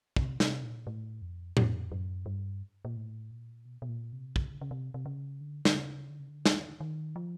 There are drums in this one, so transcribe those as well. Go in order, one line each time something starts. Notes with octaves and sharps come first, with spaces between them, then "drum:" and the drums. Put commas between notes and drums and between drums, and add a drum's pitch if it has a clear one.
C3, drum: kick
C3, drum: snare
A#2
A2
F2
F2, drum: tom A2
F#2
G2
A#2
A2
A#2
B2
B2
A#2
C3
C#3, drum: kick
C#3
C3
C3
C#3
D3
D3, drum: snare
C#3
D3
C#3
D3
D#3, drum: snare
D#3
F3